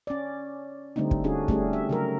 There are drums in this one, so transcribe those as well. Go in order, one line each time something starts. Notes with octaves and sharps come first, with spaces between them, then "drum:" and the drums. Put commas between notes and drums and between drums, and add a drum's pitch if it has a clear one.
C#4 D5
D3 G3 A3 C4 D#4
drum: kick
C#4 D4 F#4 G#4
G3 A3 C#4 G#4, drum: kick
E5
C#3 F#3 A#4